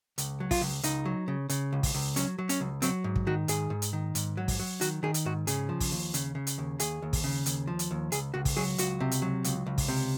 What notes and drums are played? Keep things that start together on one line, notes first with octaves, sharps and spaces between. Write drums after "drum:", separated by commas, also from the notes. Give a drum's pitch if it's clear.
C#2, drum: hi-hat
F#3
F4, drum: kick, open hi-hat
C#2
C#2 D#4, drum: hi-hat
F#3
C#3
C#3, drum: hi-hat
C#2
drum: kick, open hi-hat
C#2
F#3 C#4, drum: hi-hat
F#3
C#4, drum: hi-hat
C#2
F#3 C4, drum: hi-hat
G#2
drum: kick
D#3 F#4
G#2 G#4, drum: hi-hat
G#2
drum: hi-hat
D#3
G#2, drum: hi-hat
F#3
drum: kick, open hi-hat
F#3
D#3 F#4, drum: hi-hat
D#3 G#4
drum: hi-hat
G#2 F#4
C#3 G#4, drum: hi-hat
F3
drum: kick, open hi-hat
D#2
C#3, drum: hi-hat
C#3
drum: hi-hat
D#2
D#2 G#4, drum: hi-hat
D#2
drum: kick, open hi-hat
C#3
D#2, drum: hi-hat
F3
drum: hi-hat
D#2
C#2 G#4, drum: hi-hat
C#2 F#4
drum: kick, open hi-hat
F#3 G#4
C#2 F#4, drum: hi-hat
C3
drum: hi-hat
F#3
C#2, drum: hi-hat
C#2
drum: kick, open hi-hat
C3